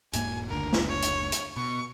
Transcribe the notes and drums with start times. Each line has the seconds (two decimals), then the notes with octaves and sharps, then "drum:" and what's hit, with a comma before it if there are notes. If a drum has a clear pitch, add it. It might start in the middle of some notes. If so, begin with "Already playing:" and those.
0.13 E1 G#2 A#3 G#5, drum: hi-hat
0.49 F#1 D2 D3 A#4
0.73 drum: snare
0.88 C#5
1.02 drum: hi-hat
1.32 drum: hi-hat
1.56 B2 C#6